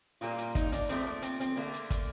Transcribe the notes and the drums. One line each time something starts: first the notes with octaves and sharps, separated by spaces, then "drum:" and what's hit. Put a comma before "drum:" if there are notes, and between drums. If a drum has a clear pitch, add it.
A#2 G3 A#3 F4
F4, drum: hi-hat
D#4, drum: kick, hi-hat
D4, drum: hi-hat
D3 F3 A3 C4, drum: hi-hat
A#3
C4, drum: hi-hat
C4, drum: hi-hat
D3 A3 A#3
drum: hi-hat
drum: kick, hi-hat